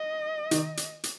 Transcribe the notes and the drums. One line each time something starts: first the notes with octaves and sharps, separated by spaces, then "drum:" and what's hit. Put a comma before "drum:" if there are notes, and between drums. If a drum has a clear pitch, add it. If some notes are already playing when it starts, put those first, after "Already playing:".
Already playing: D#5
D#3, drum: hi-hat
drum: hi-hat
drum: hi-hat